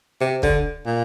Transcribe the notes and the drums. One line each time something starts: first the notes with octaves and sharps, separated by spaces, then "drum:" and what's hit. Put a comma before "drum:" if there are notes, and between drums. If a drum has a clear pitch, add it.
C3
D3, drum: kick
A#2